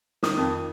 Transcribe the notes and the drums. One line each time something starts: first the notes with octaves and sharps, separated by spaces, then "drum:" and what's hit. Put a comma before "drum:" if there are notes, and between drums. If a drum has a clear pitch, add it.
D#3 D#6, drum: snare
F2